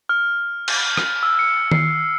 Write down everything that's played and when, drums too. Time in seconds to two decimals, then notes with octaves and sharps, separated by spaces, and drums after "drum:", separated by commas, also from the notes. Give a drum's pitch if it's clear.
0.09 F6
0.68 drum: cymbal
0.97 drum: rim click
1.23 E6
1.39 C#7
1.72 C7, drum: tom D#3